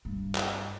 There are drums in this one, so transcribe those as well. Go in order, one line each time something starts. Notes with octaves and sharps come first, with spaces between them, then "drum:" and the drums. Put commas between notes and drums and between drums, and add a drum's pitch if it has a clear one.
G2
drum: clap